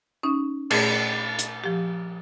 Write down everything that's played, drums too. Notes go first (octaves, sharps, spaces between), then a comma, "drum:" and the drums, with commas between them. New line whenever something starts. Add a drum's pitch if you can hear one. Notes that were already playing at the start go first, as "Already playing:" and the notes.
C#4 D#4
A#2 A3 G#4, drum: cymbal
drum: hi-hat
F3 G4